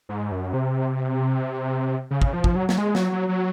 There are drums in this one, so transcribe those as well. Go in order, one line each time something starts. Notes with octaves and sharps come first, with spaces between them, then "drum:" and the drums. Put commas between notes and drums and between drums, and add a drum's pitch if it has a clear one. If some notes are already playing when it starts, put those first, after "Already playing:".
G#2
F#2
C3
C#3
drum: kick
F3
drum: kick
F#3
F#3, drum: snare
G#3
F#3, drum: snare
F#3
F#3